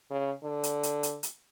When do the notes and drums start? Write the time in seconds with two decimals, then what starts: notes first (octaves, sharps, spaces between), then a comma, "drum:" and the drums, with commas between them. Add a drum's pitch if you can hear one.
0.11 C#3
0.44 D3
0.63 drum: hi-hat
0.83 drum: hi-hat
1.03 drum: hi-hat
1.23 drum: hi-hat